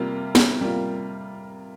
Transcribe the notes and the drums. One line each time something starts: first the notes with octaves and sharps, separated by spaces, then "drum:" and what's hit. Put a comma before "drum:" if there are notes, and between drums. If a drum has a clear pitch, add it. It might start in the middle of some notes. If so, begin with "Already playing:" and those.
Already playing: C3 G3 A#3 F4
drum: snare
C3 G3 A#3 F4